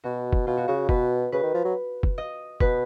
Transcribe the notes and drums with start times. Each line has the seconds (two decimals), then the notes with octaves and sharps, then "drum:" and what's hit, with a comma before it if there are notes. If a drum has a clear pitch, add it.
0.04 B2 F#4
0.33 drum: kick F1
0.47 B2 F4
0.57 F#4
0.68 C#3 F#4
0.89 B2 B4, drum: kick F1
1.32 C#3 B4
1.43 D#3
1.54 F3
1.64 F#3
2.03 drum: kick F1
2.18 D#5
2.60 B2 B4, drum: kick F1